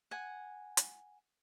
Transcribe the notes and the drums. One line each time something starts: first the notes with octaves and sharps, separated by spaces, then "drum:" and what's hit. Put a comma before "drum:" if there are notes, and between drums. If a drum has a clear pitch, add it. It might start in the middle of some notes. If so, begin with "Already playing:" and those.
F#5 G#5
drum: hi-hat